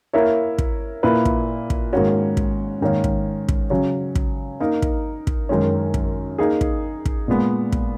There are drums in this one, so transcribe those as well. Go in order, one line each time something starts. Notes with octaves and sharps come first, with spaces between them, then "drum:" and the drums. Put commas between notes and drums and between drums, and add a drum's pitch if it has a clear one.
A#3 E4 A#4 C#5 E5
drum: kick
A#2 A#3 E4 B4
drum: kick
drum: kick
G#2 D#3 A#3 C#4 F#4
drum: kick
G#2 D#3 A#3 C#4
drum: kick
drum: kick
C#3 F#3 C#4
drum: kick
A#3 D#4 A#4
drum: kick
drum: kick
F#2 D#3 G#3 C#4
drum: kick
A#3 D#4 G#4
drum: kick
drum: kick
A#2 G#3 B3
drum: kick